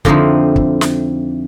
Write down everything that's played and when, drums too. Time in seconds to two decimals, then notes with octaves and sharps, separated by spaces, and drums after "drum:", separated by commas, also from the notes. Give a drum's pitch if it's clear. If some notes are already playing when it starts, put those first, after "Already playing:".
0.05 F2 D3 F3 C4 D#4 E4, drum: kick
0.56 drum: kick
0.81 drum: snare